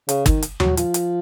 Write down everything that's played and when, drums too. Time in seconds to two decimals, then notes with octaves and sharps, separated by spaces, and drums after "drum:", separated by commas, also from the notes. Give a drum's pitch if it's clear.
0.09 C#3, drum: hi-hat
0.26 D#3, drum: kick G1, hi-hat
0.42 drum: hi-hat
0.60 F#3, drum: tom D#2
0.77 F3, drum: hi-hat
0.94 drum: hi-hat